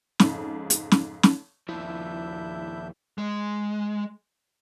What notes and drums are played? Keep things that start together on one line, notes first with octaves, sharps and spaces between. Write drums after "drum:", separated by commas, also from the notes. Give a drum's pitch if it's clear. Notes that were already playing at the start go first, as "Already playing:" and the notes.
F2 G#2 C#3, drum: snare
drum: hi-hat
drum: snare
drum: snare
D#2 F3 D4 E4 E5 G6
G#3